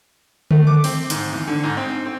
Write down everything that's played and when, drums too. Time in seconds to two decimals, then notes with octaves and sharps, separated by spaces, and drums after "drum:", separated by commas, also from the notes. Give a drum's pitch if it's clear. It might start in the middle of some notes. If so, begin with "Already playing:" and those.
0.51 A3, drum: tom D3
0.67 D6
0.84 C4, drum: open hi-hat
1.10 G#2, drum: hi-hat
1.32 E2
1.48 D3
1.63 G#2
1.77 C4
2.06 C4